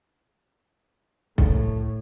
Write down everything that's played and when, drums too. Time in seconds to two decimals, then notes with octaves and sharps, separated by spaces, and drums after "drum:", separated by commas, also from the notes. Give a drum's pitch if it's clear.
1.38 A2, drum: kick B1